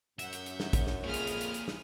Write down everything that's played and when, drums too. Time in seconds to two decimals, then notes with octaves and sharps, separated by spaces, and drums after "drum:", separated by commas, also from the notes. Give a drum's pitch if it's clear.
0.19 F#2 E5 F#5 G6, drum: hi-hat
0.33 drum: hi-hat
0.46 drum: hi-hat
0.60 drum: snare
0.73 drum: kick, hi-hat
0.87 drum: snare
1.04 F2 A#2 F4 G#4 C#5 B5 D#6 F6
1.14 drum: hi-hat
1.27 drum: hi-hat
1.41 drum: hi-hat
1.54 drum: hi-hat
1.68 drum: snare